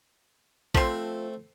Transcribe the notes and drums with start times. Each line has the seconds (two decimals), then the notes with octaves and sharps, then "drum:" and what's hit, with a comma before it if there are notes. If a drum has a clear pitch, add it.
0.75 F3 A3 C4 C6, drum: kick A#1